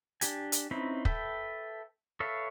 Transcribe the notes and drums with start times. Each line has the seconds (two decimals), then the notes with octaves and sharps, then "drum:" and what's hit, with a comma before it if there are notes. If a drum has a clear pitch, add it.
0.21 D4 G4 G#5, drum: hi-hat
0.52 drum: hi-hat
0.71 C4 C#4 D#4 E4 B4
1.05 A4 B4 E5 G5, drum: kick
2.20 A4 B4 C#5 E5 F5